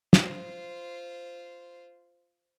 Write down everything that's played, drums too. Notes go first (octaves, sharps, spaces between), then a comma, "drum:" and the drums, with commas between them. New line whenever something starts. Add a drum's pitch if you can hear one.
F4 C5, drum: snare